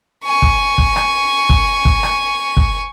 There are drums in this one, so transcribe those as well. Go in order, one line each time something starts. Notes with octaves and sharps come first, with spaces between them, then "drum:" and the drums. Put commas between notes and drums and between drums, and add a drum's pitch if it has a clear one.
G#5 C#6
drum: kick
drum: kick
drum: rim click
drum: kick
drum: kick
drum: rim click
drum: kick